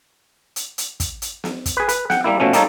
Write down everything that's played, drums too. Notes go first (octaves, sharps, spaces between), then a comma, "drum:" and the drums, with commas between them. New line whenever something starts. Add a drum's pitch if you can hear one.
drum: hi-hat
drum: hi-hat
drum: kick, hi-hat
drum: hi-hat
drum: snare
drum: kick, hi-hat
G#4 B4
B4, drum: hi-hat
F#5 G5, drum: snare
G3 A#3 E4
B2 F3 A3 C#4
G3 A#3 D#4 A4 C#5, drum: hi-hat